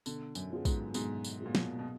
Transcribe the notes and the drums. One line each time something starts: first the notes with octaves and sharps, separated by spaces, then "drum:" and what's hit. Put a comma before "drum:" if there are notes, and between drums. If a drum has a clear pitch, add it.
B2 D3, drum: tambourine
F#2, drum: tambourine
F#3 B3 F4 G#4
G#2, drum: kick, tambourine
G#2 B2, drum: tambourine
drum: tambourine
F#3 B3 F4 G#4
A#2
B2, drum: snare
B2